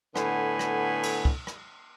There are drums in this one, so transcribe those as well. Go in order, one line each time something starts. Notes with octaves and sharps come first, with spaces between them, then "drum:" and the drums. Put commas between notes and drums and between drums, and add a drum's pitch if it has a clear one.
A2 D3 B3 G#5 B5, drum: rim click
drum: rim click
drum: cymbal
drum: kick
drum: rim click